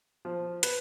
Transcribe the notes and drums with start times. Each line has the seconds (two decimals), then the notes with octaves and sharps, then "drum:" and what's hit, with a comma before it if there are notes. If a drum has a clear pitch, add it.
0.25 F3
0.63 B4, drum: hi-hat